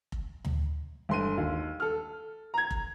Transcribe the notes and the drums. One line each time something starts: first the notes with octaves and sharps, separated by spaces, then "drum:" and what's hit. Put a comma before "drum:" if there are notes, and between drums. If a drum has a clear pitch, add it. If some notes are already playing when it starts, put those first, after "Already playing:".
drum: kick F1
drum: tom D2
G1 C6 D#7
D#2
A4 F6
A#5 G#6
drum: kick F1